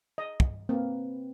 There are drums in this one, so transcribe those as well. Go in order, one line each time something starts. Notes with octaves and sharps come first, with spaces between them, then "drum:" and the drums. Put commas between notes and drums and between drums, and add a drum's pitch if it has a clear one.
D#5
drum: kick
A#3 C4 B4